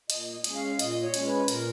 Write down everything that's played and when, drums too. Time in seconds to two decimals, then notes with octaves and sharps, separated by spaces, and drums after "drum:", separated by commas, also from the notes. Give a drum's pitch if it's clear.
0.10 A#2 D#5, drum: hi-hat
0.33 D#5
0.44 G#3 C#4, drum: hi-hat
0.55 F5
0.79 A#2 D#5, drum: hi-hat
1.02 C#5
1.14 G#3 C#4, drum: hi-hat
1.26 B4
1.48 A#2 A#4, drum: hi-hat